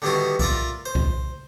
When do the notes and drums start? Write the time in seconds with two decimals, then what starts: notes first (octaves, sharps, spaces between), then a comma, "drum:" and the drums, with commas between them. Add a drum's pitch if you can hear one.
0.02 D3 D#3 G3 B3 E4 F#4
0.39 F4 A#4 D5 E5, drum: kick B1
0.86 C5
0.95 drum: kick B1